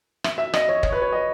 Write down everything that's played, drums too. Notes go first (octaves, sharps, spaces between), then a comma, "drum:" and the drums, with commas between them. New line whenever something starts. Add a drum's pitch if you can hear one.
E5, drum: rim click
E5
D#5, drum: rim click
C#5
C#5, drum: kick
B4
C#5
D#5